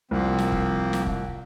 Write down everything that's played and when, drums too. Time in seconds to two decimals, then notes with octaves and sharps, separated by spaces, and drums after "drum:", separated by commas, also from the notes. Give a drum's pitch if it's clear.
0.11 C2 F3 A#3 C4
0.39 drum: snare
0.52 drum: kick F1
0.93 drum: snare
1.07 drum: kick F1